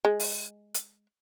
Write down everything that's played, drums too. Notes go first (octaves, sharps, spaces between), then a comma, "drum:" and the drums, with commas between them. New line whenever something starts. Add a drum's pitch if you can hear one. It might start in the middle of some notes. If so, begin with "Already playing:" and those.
G#3
drum: open hi-hat
drum: hi-hat